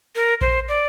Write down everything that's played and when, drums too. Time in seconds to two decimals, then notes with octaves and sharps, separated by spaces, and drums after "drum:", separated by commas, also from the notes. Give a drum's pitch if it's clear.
0.16 A#4
0.41 C5, drum: kick A#1
0.68 D5